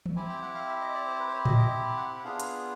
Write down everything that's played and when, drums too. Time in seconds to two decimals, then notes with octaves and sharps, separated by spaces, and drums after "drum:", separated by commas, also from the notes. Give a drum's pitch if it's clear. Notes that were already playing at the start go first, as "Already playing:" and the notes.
0.06 drum: tom E3
0.16 C4 E4 G4 G#5
0.30 G5
0.42 F#5
0.55 F5
0.68 E5
0.81 D#5
0.94 D5
1.07 C5
1.20 B4
1.28 C5
1.33 C#5
1.45 D#5, drum: tom A2
1.59 D#5
1.97 F#5
2.19 F#5
2.24 B3 D4 F4 G#4 F5
2.40 drum: hi-hat